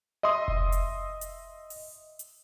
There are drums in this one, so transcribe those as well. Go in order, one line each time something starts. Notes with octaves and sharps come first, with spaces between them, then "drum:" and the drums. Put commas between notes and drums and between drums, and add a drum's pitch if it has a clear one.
D#5 E5 C6 D#6
drum: kick F1
drum: hi-hat
drum: hi-hat
drum: open hi-hat
drum: hi-hat